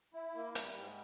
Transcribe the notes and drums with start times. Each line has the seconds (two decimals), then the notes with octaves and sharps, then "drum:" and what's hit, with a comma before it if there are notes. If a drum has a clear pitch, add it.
0.14 E4
0.35 A#3
0.55 G3, drum: hi-hat
0.77 G#2